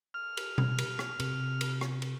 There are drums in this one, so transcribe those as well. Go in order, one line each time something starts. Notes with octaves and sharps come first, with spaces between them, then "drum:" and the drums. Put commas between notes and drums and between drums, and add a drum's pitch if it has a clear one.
F6
drum: cymbal
drum: tom B2
drum: cymbal
drum: rim click
C3, drum: cymbal
drum: cymbal
drum: rim click
drum: cymbal